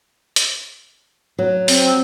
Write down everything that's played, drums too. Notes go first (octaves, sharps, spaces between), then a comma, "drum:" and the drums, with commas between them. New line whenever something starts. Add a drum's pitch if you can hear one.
drum: hi-hat
F#3
C4, drum: open hi-hat